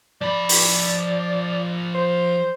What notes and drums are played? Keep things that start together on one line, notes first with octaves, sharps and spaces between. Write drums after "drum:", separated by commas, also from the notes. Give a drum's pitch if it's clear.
F3 D5 B5
drum: open hi-hat
C5